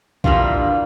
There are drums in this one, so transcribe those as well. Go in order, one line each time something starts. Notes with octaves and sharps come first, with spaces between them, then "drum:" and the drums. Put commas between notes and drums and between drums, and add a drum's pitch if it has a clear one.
A#2 E3 G3 A#3 D4 F4, drum: kick A#1